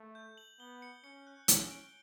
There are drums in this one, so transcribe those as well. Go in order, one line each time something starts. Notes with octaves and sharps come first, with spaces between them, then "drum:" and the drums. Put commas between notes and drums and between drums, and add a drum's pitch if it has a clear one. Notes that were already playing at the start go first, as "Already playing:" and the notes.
Already playing: A3
G6
F#7
B3 G7
C#7
C#4 C#7
F#6
C#4 G7, drum: hi-hat
D7